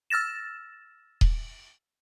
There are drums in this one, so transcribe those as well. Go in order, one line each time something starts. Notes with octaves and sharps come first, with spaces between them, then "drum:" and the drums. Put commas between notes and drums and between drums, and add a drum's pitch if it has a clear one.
E6 F6 A6 A#6 E7
drum: kick D#1